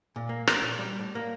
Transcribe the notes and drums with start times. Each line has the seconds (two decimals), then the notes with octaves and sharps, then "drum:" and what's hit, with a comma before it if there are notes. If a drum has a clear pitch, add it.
0.16 A#2
0.29 A#3
0.47 A#4, drum: rim click
0.63 A#2
0.79 G3
0.99 A2
1.15 A#3